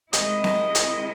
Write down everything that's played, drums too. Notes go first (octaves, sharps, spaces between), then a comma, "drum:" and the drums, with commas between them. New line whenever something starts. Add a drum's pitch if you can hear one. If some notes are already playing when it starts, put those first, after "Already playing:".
C3 D#3 G#3 C4 E4 D#5, drum: hi-hat
drum: snare C4
drum: hi-hat